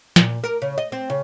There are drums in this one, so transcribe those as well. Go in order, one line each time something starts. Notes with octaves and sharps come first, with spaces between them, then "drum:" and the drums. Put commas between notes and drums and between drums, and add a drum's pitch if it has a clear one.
A#2, drum: snare
A#4
C#3
D#5
C4
C#3